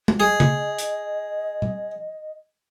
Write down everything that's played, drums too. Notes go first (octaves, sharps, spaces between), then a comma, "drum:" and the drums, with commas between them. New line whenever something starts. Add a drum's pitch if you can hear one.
drum: tom
G#4 D#5
drum: tom C#3
drum: hi-hat
drum: tom A#2